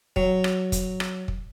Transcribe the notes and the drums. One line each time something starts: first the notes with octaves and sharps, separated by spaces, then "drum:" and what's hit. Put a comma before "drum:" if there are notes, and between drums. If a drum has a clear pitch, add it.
F#3, drum: kick
drum: rim click
drum: kick, hi-hat
drum: rim click
drum: kick